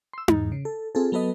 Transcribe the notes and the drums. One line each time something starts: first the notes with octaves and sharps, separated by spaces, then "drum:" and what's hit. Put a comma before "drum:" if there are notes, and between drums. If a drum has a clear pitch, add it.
C6 E6
E2 G#2, drum: tom D#4
C#3
A4
C4 F4 G#4 A4
F#3 B3 A4 B4 D#5